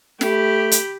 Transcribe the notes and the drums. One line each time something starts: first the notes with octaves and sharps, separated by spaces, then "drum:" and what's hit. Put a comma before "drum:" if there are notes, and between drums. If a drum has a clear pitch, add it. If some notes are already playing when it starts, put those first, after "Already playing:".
A3 G4 B5, drum: snare
drum: hi-hat